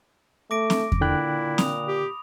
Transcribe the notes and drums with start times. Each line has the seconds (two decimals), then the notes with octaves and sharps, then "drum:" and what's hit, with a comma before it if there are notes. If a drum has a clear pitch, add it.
0.51 A3 D6 A#6 D7
0.70 drum: snare C4
0.92 drum: kick E2
1.01 A#2 D3 E4 G5 F#6
1.58 B5 D#6 F7, drum: snare C4
1.87 G4